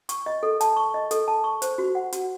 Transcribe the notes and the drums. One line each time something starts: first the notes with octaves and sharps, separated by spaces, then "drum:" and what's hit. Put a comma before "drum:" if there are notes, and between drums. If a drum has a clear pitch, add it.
C#6, drum: hi-hat
D#5
A4
A5, drum: hi-hat
C#6
D#5
A4, drum: hi-hat
A5
C#6
C5, drum: hi-hat
F#4
F#5
F#4, drum: hi-hat